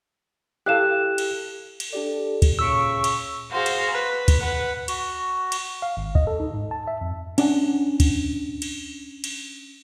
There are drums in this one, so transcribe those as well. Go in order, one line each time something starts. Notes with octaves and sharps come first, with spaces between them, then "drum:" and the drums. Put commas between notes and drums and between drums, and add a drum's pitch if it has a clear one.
E4 G4 A4 F5 F#6 E7
drum: cymbal
drum: cymbal
D4 G4 A4 D5
drum: kick, cymbal
A#2 C#3 C#6 E6 B6 D7
drum: cymbal
F#4 G#4 C5 F5
drum: cymbal
B4
drum: kick, cymbal
B4 F#5
F#4, drum: cymbal
drum: cymbal
F5
G#1
D#5, drum: kick
A4
D#4
G#2
A5
E5
F2
C#4 D4 D5 F#5 G#5, drum: cymbal
drum: kick, cymbal
drum: cymbal
drum: cymbal